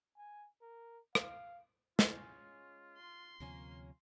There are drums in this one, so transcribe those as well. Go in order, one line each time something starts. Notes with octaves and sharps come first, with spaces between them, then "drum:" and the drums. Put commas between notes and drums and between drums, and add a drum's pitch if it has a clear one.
G#5
A#4
F5, drum: rim click
G#3 C#4 F4, drum: snare
C6
D2 C3 F3 A#3 C#4 A#4